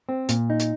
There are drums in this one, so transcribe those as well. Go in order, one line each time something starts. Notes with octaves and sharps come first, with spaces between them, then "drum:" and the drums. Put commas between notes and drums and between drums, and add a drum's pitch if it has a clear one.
C4
A#2, drum: hi-hat
D#4
drum: hi-hat